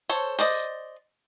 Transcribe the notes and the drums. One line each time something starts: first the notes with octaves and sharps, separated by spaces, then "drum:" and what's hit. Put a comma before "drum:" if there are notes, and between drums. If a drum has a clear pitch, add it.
A4 C5 C#5
C5 D5 D#5, drum: open hi-hat